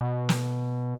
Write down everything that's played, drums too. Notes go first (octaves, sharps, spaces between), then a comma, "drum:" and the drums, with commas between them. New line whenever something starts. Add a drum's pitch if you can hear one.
B2
drum: snare